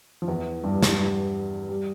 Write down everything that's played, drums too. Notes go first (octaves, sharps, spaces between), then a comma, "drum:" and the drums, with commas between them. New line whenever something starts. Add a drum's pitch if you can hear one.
F3
E2 E3
G2 G3
drum: snare
G3